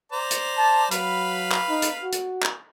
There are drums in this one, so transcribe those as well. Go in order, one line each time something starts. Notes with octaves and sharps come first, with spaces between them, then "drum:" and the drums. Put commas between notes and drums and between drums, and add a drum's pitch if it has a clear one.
C5 D5 A#5
drum: hi-hat
A5
F#3 B4 F5 B5, drum: hi-hat
drum: clap
D#4
drum: hi-hat
F#4
drum: hi-hat
drum: clap